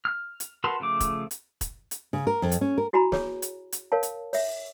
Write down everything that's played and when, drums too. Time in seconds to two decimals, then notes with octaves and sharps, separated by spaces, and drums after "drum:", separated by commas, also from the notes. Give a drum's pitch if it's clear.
0.05 F6
0.40 drum: hi-hat
0.64 F#4 A#4 B4 A5 C6
0.80 C#3 F3 A3 D6
1.00 drum: kick, hi-hat
1.31 drum: hi-hat
1.61 drum: kick, hi-hat
1.91 drum: hi-hat
2.13 C#3
2.27 A#4
2.42 F2
2.52 drum: hi-hat
2.61 C#4
2.78 A#4
2.93 E4 F#4 G#5 A#5 B5
3.12 G#4 C#5, drum: snare
3.42 drum: hi-hat
3.72 drum: hi-hat
3.92 A#4 C#5 F5 A5
4.03 drum: hi-hat
4.33 C#5 E5, drum: open hi-hat